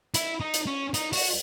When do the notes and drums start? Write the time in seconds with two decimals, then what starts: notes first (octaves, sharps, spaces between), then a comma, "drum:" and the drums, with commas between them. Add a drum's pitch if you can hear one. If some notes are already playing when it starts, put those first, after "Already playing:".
0.14 E4, drum: hi-hat
0.40 D#4
0.54 drum: hi-hat
0.67 C#4
0.94 D#4, drum: hi-hat
1.13 F#4, drum: open hi-hat